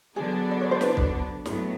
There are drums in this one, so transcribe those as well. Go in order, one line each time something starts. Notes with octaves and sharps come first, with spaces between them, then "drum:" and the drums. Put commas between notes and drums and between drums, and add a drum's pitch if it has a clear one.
D3 F#3 B3 D4 G#4
D5
C#5
C5
B4, drum: snare
drum: kick
A2 F#3 B3, drum: snare